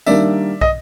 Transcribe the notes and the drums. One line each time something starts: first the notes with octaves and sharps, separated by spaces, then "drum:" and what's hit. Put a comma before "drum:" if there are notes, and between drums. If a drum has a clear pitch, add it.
D#3 G3 A#3 D4 D5 E5, drum: tambourine
D#5, drum: kick